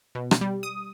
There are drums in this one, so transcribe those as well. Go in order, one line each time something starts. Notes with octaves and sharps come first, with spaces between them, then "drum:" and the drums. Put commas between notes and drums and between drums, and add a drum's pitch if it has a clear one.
B2
drum: rim click
G3
D#6